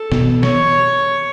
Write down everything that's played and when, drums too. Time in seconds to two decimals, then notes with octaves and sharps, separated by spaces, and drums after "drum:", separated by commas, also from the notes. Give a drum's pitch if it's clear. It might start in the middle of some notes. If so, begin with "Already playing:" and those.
Already playing: A4
0.12 B2, drum: snare
0.43 C#5, drum: snare